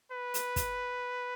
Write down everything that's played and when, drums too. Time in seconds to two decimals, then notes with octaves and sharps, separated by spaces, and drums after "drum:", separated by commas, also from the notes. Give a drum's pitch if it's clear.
0.11 B4
0.34 drum: hi-hat
0.56 drum: kick, hi-hat